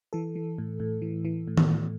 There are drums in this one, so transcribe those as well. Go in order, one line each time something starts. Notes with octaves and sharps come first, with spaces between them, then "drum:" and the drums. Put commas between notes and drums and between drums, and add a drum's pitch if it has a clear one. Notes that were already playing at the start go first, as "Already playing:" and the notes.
E3 A4
E3
A2
A2
E3
E3
A2
drum: tom D#3
A2